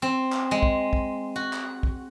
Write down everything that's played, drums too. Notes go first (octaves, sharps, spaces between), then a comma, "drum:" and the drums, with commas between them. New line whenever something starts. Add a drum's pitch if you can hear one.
C4
drum: clap
G#3
drum: kick
drum: kick
F#4
drum: clap
drum: kick